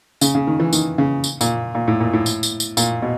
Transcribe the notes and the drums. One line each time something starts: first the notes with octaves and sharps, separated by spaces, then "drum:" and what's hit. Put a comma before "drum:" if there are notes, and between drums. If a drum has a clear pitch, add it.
C#3, drum: tambourine
C#3
D#3
E3
D#3, drum: tambourine
C#3
drum: tambourine
A#2, drum: tambourine
A#2
A2
A#2
A2
drum: tambourine
drum: tambourine
drum: tambourine
A#2, drum: tambourine
B2